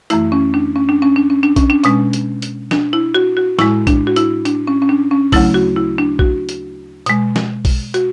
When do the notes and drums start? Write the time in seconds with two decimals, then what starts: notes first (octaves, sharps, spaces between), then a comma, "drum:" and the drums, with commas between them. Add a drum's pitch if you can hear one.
0.10 F#2 E3 A3 E4, drum: hi-hat
0.32 C#4
0.54 D4
0.76 C#4
0.89 D4
1.02 C#4
1.16 D4
1.30 C#4
1.43 D4
1.56 C#4, drum: kick A#1, hi-hat
1.70 D4
1.84 B2 G#3 C#4, drum: hi-hat
2.13 drum: hi-hat
2.42 drum: hi-hat
2.71 D4, drum: snare
2.93 E4
3.15 F#4
3.37 F#4
3.59 A2 G#3 E4, drum: snare
3.87 D4, drum: kick A#1, hi-hat
4.07 F#4
4.16 E4, drum: hi-hat
4.45 D4, drum: hi-hat
4.67 C#4
4.82 C#4
4.89 D4
5.11 C#4
5.32 D2 C#3 F#3 A3 E4, drum: kick A#1, open hi-hat
5.54 F#4
5.76 E4
5.98 D4
6.19 F#4, drum: kick A#1
6.49 drum: hi-hat
7.06 B2 G#3, drum: hi-hat
7.36 drum: snare
7.65 drum: kick A#1, open hi-hat
7.94 F#4, drum: hi-hat